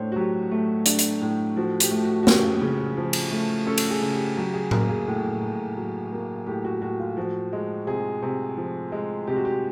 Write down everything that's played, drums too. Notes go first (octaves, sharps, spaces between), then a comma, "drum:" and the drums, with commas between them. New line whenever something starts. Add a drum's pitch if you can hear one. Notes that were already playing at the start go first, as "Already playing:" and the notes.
Already playing: A2 A3 D4 C5 C#5
F#4
F#3 G4
A3
D4, drum: hi-hat
drum: hi-hat
A2
F3 F#4
G4, drum: hi-hat
A3
F#4
F#4
C#4 G4, drum: snare
C#3
F3
drum: cymbal
A3
C#4 A4
drum: cymbal
G#4
C#3
G4
F#3 G4
G#4
A#3 A#4, drum: tom A2
G#4
A2
A2
F#3
A#3
A2 G4
F#4
A2 F#4
F4
F3 F#4
G#3
C3 G#4
C3
F3
G#3
C3 G4
F#4
G4